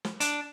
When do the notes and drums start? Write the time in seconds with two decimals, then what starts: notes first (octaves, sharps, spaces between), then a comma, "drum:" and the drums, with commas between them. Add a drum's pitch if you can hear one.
0.05 drum: snare
0.20 D4, drum: hi-hat